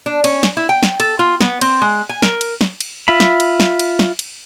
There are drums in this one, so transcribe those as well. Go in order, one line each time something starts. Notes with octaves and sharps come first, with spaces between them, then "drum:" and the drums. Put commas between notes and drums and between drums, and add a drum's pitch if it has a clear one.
D4
C#4, drum: cymbal
drum: snare
E4
G5
drum: snare
A4, drum: cymbal
F4
B3, drum: snare
C4, drum: cymbal
G#3
G#5
A#4, drum: snare
drum: cymbal
drum: snare
drum: cymbal
F4 E5 B5
drum: snare
drum: cymbal
drum: snare
drum: cymbal
drum: snare
drum: cymbal